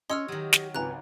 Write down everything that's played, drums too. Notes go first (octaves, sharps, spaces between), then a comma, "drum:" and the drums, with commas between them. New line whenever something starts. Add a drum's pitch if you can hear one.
C#4 C#5 D#5 C6 E6 F6
D#3 F#3 G4
drum: snare
G#1 C#2 B4 G#5 A#5 F#6